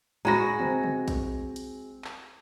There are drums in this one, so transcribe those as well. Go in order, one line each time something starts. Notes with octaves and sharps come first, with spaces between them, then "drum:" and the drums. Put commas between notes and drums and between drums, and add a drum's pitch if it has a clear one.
G#3 F#4 A#5 B5 A#6
C4, drum: tom
drum: tom
drum: kick A#1, hi-hat
drum: hi-hat
drum: clap